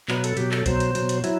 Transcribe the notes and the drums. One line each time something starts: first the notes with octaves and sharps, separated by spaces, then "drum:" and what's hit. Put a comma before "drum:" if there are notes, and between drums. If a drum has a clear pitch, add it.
B2 F#3 B4, drum: clap
A4, drum: hi-hat
B2 F#3 G4, drum: hi-hat
A4, drum: clap
B2 F#3 C5, drum: kick C2, hi-hat
drum: hi-hat
B2 F#3, drum: hi-hat
drum: hi-hat
F#3 E4, drum: hi-hat